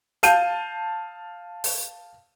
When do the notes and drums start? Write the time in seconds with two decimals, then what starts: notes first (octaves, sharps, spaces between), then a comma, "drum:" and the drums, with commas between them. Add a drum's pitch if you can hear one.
0.23 F5 A5 G6 D#7, drum: hi-hat
1.64 drum: open hi-hat